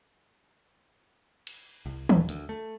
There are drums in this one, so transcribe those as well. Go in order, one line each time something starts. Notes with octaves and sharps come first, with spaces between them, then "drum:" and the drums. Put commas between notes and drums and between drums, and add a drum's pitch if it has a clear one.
drum: cymbal
C2
D#1, drum: tom D#3
D2, drum: hi-hat
A3